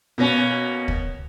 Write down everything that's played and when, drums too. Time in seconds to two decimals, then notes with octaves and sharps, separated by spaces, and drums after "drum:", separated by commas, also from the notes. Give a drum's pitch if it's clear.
0.18 B2 A#3 B3 C#4 A#6
0.88 drum: kick